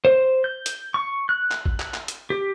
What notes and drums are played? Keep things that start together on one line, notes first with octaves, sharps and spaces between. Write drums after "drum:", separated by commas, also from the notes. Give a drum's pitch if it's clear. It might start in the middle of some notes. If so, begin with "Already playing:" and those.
C5
G6
drum: hi-hat
C#6
F#6
drum: clap
drum: kick
drum: clap
drum: clap
drum: hi-hat
G4